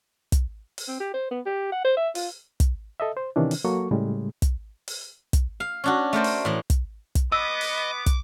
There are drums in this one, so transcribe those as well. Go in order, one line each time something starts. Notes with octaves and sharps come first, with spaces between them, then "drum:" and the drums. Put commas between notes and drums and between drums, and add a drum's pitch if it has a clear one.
drum: kick, hi-hat
drum: open hi-hat
C4
G4
C5
B3
G4
F#5
C5
E5
F4, drum: open hi-hat
drum: kick, hi-hat
A4 D#5 E5
C5
C3 D#3 E3 C#4 D4
drum: open hi-hat
F#3 A#3 F#4 A4 C#6
A2 C#3 G3 G#3
drum: kick, hi-hat
drum: open hi-hat
drum: kick, hi-hat
F5
C#4 D4 F#4
A3 A#4 C5 D5
drum: open hi-hat
A2 E3
drum: kick, hi-hat
drum: kick, hi-hat
B3 D#5 D6 E6
drum: open hi-hat
drum: kick, hi-hat